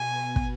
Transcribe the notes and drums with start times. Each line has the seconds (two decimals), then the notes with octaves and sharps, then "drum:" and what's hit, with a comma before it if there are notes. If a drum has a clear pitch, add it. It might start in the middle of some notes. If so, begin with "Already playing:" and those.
Already playing: B2 B3 G#5
0.11 B2 B3
0.36 drum: kick